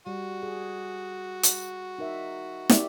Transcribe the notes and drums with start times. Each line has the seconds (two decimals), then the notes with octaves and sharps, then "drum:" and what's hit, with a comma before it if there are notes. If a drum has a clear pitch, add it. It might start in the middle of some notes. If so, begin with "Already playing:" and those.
0.07 G3 F#4
0.43 G#4
1.43 drum: hi-hat
1.98 D#4 A#4 E5
2.69 G4 D5 E5, drum: snare